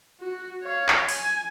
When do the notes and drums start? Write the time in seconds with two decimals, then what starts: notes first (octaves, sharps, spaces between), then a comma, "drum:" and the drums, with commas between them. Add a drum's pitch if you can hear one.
0.21 F#4
0.63 C#5 F5
0.88 drum: clap
1.09 G#5, drum: open hi-hat